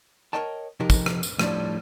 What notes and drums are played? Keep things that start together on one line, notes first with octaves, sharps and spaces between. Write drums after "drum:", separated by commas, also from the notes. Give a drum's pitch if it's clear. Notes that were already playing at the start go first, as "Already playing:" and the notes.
A#4 C5 C#5 D#5 G5 A5
F2 C3 D#4 G4 A#4
drum: kick, tambourine
drum: rim click
drum: tambourine
A2 F3 G3 D4, drum: rim click